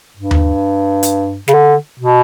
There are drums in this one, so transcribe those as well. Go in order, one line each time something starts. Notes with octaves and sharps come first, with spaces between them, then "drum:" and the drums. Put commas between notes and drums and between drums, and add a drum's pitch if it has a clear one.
G2
drum: tom D#2
drum: hi-hat
C#3, drum: snare
D3
B2